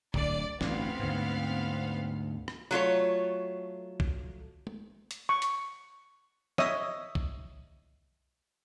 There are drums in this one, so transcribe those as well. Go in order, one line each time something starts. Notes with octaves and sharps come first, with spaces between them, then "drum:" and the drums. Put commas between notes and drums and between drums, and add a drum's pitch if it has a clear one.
D1 D3 D5, drum: kick
A1 D2 G2 B3 C4 F5, drum: snare
D2 G#2
drum: rim click
F#3 A3 F4 C#5
drum: kick
drum: tom
drum: hi-hat
C#6
drum: hi-hat
C#5 D#5 E5 D#6, drum: snare
drum: kick